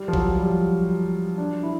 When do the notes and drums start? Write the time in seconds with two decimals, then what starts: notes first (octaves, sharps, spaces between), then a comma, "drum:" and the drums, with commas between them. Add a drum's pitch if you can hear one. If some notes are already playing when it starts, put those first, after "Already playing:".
Already playing: G3
0.08 F3
0.13 F#3, drum: kick A1
0.39 G3
1.38 D4
1.63 E4